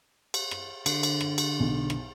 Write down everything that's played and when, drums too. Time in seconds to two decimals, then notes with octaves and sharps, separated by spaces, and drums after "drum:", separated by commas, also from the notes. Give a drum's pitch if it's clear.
0.34 drum: cymbal
0.51 drum: rim click
0.86 D3, drum: cymbal
1.03 drum: cymbal
1.21 drum: rim click
1.38 drum: cymbal
1.60 B1
1.90 drum: rim click